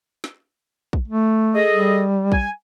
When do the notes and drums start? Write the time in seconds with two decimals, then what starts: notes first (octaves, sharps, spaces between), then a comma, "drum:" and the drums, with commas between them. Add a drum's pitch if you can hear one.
0.24 drum: snare
0.93 drum: kick
1.08 A3
1.55 G#4 A4 D#5
1.73 G3
2.32 G#5, drum: kick